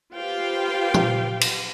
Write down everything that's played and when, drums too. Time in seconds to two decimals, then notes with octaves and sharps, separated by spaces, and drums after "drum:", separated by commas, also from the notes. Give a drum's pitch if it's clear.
0.16 F4 G4 B4 C5 F5 G5
0.94 drum: tom A#2
1.41 drum: cymbal